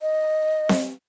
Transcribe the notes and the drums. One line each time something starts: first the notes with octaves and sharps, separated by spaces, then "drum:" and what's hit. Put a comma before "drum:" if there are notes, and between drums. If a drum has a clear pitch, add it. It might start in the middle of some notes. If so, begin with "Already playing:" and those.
D#5
drum: snare C4